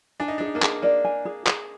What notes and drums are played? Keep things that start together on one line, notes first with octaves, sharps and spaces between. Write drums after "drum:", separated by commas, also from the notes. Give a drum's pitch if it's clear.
D4 G#5
D#4
D4 G#4
D#4
A#3 D4
G#4, drum: clap
A#3 D5
G#5
G#4
G#4, drum: clap